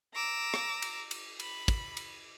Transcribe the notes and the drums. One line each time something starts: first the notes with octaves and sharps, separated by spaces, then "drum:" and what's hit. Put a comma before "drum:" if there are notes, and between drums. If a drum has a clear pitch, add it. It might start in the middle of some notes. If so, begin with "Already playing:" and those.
A#5 D6 E6
drum: rim click
drum: cymbal
drum: cymbal
B5, drum: cymbal
drum: kick, cymbal
drum: cymbal